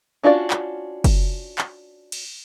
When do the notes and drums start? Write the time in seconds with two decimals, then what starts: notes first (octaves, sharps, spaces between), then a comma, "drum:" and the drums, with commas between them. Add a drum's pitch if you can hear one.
0.23 C#4 D4 F4 F#4 D5
0.50 drum: clap
1.04 drum: kick F#1, cymbal
1.58 drum: clap
2.12 drum: cymbal